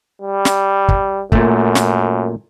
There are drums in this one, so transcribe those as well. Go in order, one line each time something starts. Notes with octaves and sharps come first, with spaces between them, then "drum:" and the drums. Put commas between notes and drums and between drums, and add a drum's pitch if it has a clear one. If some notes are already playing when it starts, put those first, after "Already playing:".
G3
drum: snare
drum: kick
F#2 A#2 A3, drum: kick
drum: snare